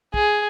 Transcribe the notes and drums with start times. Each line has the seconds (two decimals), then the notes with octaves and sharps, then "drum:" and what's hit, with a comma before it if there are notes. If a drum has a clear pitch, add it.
0.14 G#4, drum: kick